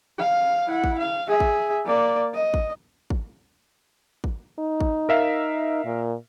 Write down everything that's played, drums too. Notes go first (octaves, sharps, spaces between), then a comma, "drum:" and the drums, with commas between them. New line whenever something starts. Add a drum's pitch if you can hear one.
F5
E4 F#5
drum: kick
F5
G#4 E5
drum: kick
A#3 D5
D#5
drum: kick
drum: kick
drum: kick
D#4
drum: kick
A#4 E5 F5
A#2